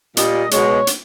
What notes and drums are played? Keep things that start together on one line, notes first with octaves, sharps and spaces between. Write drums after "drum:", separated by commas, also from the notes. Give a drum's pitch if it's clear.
A#2 G3 D#5, drum: hi-hat
B2 G#3 C#5, drum: hi-hat
drum: hi-hat